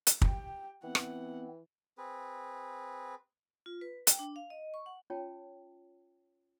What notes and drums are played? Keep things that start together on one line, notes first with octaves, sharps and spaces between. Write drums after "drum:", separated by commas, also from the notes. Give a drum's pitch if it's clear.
drum: hi-hat
G4 G5, drum: kick
E3 B3 C4 F#5
drum: rim click
C4 G#4 B4
F4
B4
G5, drum: hi-hat
D4
F5
D#5
C#6
F#5
C#4 F4 C#5 G5 A5